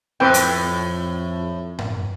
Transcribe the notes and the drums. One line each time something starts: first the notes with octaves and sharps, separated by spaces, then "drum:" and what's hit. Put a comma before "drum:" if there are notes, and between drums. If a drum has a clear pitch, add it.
F2 A2 C4 B4 G5
drum: hi-hat
drum: tom G2